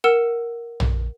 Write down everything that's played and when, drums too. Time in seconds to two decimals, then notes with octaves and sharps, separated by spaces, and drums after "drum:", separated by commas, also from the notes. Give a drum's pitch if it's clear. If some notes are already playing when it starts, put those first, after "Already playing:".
0.04 A#4 F#5 E6 E7
0.80 drum: tom